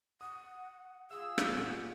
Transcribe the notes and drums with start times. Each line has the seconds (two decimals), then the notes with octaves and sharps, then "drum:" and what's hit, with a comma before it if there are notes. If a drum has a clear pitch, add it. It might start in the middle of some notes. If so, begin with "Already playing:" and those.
0.21 F#5 D#6
1.11 G#3 F4 G#4 F5 E6
1.38 drum: rim click
1.56 A#2 F#5